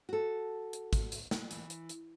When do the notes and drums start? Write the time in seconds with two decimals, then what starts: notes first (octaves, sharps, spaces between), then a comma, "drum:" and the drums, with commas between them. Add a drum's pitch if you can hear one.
0.09 F#4 A4
0.73 drum: hi-hat
0.93 drum: kick, hi-hat
1.12 drum: hi-hat
1.31 drum: snare
1.51 E3, drum: hi-hat
1.70 drum: hi-hat
1.89 drum: hi-hat